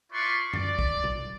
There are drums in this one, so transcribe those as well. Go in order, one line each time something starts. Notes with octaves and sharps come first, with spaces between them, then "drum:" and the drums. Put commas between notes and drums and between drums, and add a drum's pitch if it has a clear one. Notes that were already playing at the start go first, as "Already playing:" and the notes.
E4 F4 B4 D5 C6 C#6
D5, drum: tom F#2
drum: kick B1
drum: tom B2